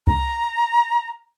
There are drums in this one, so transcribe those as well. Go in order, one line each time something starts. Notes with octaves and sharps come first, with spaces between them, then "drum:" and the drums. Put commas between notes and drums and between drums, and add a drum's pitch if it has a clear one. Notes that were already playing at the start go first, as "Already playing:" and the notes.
A#5, drum: kick C2